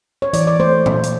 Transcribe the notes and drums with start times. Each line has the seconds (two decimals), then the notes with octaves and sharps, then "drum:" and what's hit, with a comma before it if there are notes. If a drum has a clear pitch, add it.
0.22 C#5
0.33 E3 D5, drum: hi-hat
0.47 D5
0.60 A3 C5
0.86 drum: tom A#2
1.03 drum: hi-hat